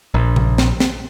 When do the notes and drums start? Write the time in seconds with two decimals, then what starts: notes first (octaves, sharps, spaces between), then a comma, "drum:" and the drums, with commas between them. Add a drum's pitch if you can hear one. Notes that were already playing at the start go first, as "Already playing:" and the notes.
0.14 A#1
0.36 drum: tom C3
0.58 drum: snare
0.80 drum: snare